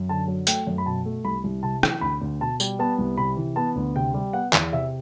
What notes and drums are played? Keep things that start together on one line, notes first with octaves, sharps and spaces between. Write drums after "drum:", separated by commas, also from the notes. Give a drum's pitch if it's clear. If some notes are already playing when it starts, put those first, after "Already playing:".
Already playing: F#2
D3 A5
F#3
A3 G5, drum: hi-hat
F#2
B5
B2 A5
A3
C2 B5
C2
C3 A5
E3, drum: rim click
D2 B5
D2
B2 A5
G3, drum: tambourine
B3 A5
C2
C3 B5
E3
B3 A5
D2
C3 G5
G3
B3 F#5
E2, drum: clap
C3 E5